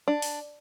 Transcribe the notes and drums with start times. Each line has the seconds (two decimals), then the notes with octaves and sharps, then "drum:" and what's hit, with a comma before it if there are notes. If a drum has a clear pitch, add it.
0.08 D4
0.22 drum: open hi-hat